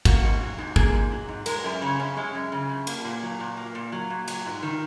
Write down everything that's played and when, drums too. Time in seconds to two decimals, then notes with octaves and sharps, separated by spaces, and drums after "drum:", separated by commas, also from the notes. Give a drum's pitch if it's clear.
0.05 A#3 F#4, drum: kick, cymbal
0.24 G#2
0.41 F#3
0.58 G#2
0.76 A#3 G#4, drum: kick
0.94 G#2
1.12 F#3
1.29 G#2
1.46 G#3 A#4, drum: cymbal
1.64 F#2 A#4
1.81 C#3 C#4
1.99 F#2 C#4
2.17 G#3 C#4
2.35 F#2
2.52 C#3
2.69 F#2
2.87 A#3, drum: cymbal
3.05 A#2
3.22 F#3
3.40 A#2
3.57 A#3
3.75 A#2
3.92 F#3
4.10 A#2
4.28 F#3, drum: cymbal
4.45 G#2
4.63 D#3